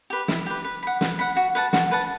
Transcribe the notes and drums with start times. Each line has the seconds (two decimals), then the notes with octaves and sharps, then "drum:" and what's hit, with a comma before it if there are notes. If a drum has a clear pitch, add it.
0.10 G4 B4
0.28 E4, drum: snare
0.46 G4 B4
0.65 B4
0.83 F#5 B5
1.01 B4, drum: snare
1.19 F#5 B5
1.36 F#4
1.55 B4 F#5 A5
1.73 F#4, drum: snare
1.91 B4 F#5 A5